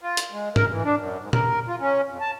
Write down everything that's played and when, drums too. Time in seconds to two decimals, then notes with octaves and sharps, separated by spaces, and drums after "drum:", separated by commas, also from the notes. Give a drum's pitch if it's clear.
0.01 F4
0.17 drum: hi-hat
0.32 G#3
0.56 A#4, drum: tom G#2
0.70 E3
0.85 D4
0.96 F#2
1.20 G#2
1.33 A#4, drum: tom
1.68 F4
1.80 C#4
2.08 F2
2.20 A5